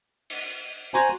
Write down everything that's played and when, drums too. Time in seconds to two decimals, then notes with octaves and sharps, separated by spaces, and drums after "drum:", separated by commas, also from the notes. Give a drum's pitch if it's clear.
0.30 drum: open hi-hat
0.94 F#4 C5 G#5 A#5